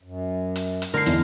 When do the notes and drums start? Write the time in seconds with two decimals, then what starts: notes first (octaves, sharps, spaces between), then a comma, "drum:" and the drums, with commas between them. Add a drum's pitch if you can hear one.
0.03 F#2
0.56 drum: hi-hat
0.82 drum: hi-hat
0.94 D3 A#4 C7
1.06 E2 G#3, drum: hi-hat